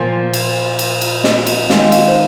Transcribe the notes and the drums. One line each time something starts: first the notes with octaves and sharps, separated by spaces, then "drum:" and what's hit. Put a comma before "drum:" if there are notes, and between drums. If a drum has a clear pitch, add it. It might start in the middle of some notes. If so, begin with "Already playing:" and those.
Already playing: A#2 F3 A#3 C5
drum: cymbal
drum: cymbal
drum: cymbal
D#5, drum: snare
D#5, drum: cymbal
D#5
D#3 G#3 C4 D#4 F5, drum: snare
F5, drum: cymbal
C5